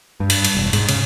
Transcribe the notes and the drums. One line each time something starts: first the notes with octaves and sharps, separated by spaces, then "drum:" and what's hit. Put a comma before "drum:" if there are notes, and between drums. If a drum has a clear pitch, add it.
G2
drum: cymbal
drum: cymbal
E1
G#2, drum: cymbal
C#3, drum: cymbal